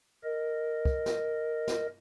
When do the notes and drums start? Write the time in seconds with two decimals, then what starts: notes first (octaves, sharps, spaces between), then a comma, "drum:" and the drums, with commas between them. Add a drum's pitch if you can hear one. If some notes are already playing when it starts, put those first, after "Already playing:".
0.24 A#4 D#5
0.85 drum: kick
1.06 drum: snare
1.68 drum: snare